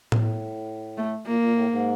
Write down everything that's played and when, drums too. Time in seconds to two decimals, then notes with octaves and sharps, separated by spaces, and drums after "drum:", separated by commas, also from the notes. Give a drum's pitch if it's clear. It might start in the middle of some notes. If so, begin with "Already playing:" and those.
0.12 A2, drum: tom A2
0.97 A3
1.26 A#2 A#3
1.40 A#2
1.54 A2
1.69 G#2